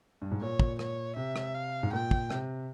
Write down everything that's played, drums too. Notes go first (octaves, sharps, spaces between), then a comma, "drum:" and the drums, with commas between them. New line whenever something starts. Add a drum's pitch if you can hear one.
G2
G#2
A#2 C#5
A#2, drum: kick
C#5, drum: rim click
C3 E5
drum: rim click
F5
G#2
A#2 G5
drum: kick
C3, drum: rim click